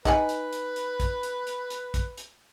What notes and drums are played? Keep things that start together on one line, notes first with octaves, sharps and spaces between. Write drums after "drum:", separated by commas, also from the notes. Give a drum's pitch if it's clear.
D#4 B4 F#5 G#5, drum: kick, hi-hat
drum: hi-hat
drum: hi-hat
drum: hi-hat
drum: kick, hi-hat
drum: hi-hat
drum: hi-hat
drum: hi-hat
drum: kick, hi-hat
drum: hi-hat